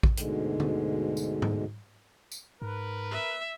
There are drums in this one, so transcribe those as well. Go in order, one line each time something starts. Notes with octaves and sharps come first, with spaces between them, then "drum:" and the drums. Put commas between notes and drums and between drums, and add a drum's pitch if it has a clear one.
drum: kick A1
D2 G#2 B2 D3 G#3, drum: hi-hat
drum: tom D3
drum: tambourine
drum: tom G#2
drum: tambourine
G#2 A#4 B4
E5